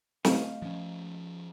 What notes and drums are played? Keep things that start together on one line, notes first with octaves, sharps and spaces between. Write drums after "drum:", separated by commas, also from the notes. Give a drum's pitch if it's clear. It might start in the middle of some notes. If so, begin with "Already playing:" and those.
A3 D#5 F5, drum: snare
F3 C#4